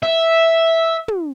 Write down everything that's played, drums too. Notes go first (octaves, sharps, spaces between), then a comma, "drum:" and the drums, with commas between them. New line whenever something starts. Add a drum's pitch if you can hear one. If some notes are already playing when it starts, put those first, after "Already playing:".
E5
drum: tom